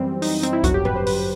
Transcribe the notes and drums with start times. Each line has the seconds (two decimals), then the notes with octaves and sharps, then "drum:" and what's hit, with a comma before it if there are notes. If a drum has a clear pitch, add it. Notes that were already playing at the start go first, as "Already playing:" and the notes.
Already playing: F#2 E3 G3 C4
0.22 D#4, drum: open hi-hat
0.43 C4, drum: hi-hat
0.53 E4
0.64 G1 F#2 F#3 F#4, drum: kick C2, hi-hat
0.74 G4
0.85 B4, drum: tom A2
0.96 C5
1.06 B4, drum: open hi-hat